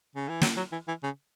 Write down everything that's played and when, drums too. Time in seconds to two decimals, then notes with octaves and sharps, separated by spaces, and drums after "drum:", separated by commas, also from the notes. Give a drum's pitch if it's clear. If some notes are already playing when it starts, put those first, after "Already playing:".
0.16 C#3
0.29 E3
0.41 F#3, drum: snare
0.57 F#3
0.72 E3
0.88 E3
1.03 C#3